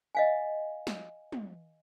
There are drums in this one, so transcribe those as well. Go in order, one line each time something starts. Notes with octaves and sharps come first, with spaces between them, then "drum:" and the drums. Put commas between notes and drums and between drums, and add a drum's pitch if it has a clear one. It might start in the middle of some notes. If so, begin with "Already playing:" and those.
D#5 F5 G#5
drum: snare
drum: tom